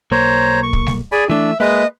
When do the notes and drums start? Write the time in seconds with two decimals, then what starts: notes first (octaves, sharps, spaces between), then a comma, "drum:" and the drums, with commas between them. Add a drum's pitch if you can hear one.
0.12 B1 A#3 C5 C#5 A#5
0.63 C#6
0.73 drum: kick
0.87 drum: snare G3
1.12 G#4 D5 G#5 B5
1.30 E3 A3 D4 E5
1.60 G#3 A#3 B4 D#5 E5